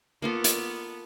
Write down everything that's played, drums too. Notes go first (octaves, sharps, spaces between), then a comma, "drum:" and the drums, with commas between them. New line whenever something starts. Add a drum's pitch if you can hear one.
A#3 B3 F4 A4
drum: hi-hat